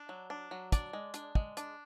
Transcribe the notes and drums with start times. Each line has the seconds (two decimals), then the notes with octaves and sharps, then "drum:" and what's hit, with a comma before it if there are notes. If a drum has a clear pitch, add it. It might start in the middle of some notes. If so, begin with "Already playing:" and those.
Already playing: D4
0.09 F#3
0.30 D4
0.51 F#3
0.72 D4 D5, drum: kick, hi-hat
0.93 G#3
1.14 D4, drum: hi-hat
1.35 G#3, drum: kick
1.57 D4, drum: hi-hat